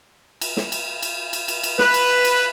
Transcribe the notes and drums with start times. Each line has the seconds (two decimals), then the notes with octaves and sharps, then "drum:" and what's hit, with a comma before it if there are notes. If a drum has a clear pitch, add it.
0.41 drum: cymbal
0.57 drum: snare
0.72 drum: cymbal
1.02 drum: cymbal
1.33 drum: cymbal
1.48 drum: cymbal
1.63 drum: cymbal
1.79 B4, drum: snare
1.94 drum: cymbal
2.24 drum: cymbal